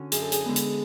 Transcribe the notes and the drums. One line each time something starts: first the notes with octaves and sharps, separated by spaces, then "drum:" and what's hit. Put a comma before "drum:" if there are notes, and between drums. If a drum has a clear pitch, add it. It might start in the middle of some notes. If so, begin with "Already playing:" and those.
Already playing: D3 C#4 F#4
F#2 G#4, drum: hi-hat
A4
G#4, drum: hi-hat
D3 G#3 B3
drum: hi-hat